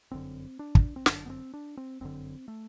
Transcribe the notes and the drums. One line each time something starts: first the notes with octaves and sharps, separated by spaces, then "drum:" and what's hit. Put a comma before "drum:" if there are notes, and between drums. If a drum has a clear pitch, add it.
G1 F#2 D3 C4
D4
drum: kick
C4
G1 F#2 D3 D4, drum: snare
B3
C4
D4
C4
G1 F#2 D3 C4
A3